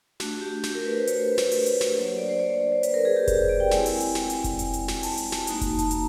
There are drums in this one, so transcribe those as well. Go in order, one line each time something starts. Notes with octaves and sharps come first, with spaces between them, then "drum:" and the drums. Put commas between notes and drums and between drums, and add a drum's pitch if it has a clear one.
A3 D4 F#4, drum: snare
G4
G4, drum: snare
A#4
B4
C5
C#5, drum: hi-hat
C5
B4
C5, drum: snare
drum: open hi-hat
drum: hi-hat
drum: snare
F#3 A#3 D4 C#5
C5
D5
C5
C#5
D5
C5
B4, drum: hi-hat
A#4
G#4
G4
G4, drum: kick F1, hi-hat
D5
G5
G#3 C4 E4 G#5, drum: snare
drum: open hi-hat
drum: hi-hat
drum: snare
drum: hi-hat
drum: kick F1, hi-hat
drum: hi-hat
drum: hi-hat
drum: snare
A5, drum: open hi-hat
drum: hi-hat
drum: snare
A#3 D#4 F#4, drum: hi-hat
drum: kick F1, hi-hat
A5, drum: hi-hat
A#5, drum: hi-hat